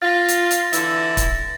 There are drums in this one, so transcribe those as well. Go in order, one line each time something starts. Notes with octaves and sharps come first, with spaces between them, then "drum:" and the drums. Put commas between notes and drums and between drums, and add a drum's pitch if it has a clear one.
F4 A6 A#6
drum: hi-hat
drum: hi-hat
D3 E3 E4, drum: hi-hat
drum: kick, hi-hat